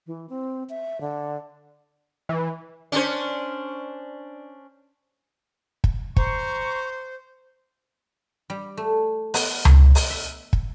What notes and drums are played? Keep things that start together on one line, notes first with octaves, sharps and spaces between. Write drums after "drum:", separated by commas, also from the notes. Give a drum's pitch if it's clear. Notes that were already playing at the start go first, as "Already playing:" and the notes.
E3
C4
E5
D3
E3
C#4 D4 C5
drum: kick
C5 A#5 C#6, drum: kick
G3
A3
B3, drum: open hi-hat
drum: tom C#2
drum: open hi-hat
E5
drum: kick